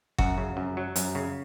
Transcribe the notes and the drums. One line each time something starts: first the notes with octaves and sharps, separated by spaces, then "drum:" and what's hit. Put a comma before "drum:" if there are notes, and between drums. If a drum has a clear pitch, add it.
F#2 F#4, drum: kick G1
C#3
F#2
F#3
F#2, drum: hi-hat
C#3